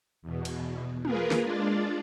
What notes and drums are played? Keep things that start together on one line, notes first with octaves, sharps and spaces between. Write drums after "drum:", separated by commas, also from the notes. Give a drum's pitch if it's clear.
E2 B2
drum: cymbal
A#3 F4 G#4 A#4 B4, drum: tom
drum: snare
G#3 D4 F4 D5